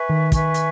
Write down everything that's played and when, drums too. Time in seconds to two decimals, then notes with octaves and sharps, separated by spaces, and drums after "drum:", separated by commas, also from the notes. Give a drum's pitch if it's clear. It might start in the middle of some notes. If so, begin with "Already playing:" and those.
Already playing: B4 E5 G#5 C#6
0.09 D#3
0.32 B4 E5 G#5 C#6, drum: kick, hi-hat
0.54 drum: hi-hat